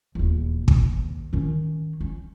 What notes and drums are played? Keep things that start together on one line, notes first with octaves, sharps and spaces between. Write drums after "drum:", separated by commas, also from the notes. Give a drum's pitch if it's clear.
D#1 E2
D#2, drum: kick
D#3 C#4
C#4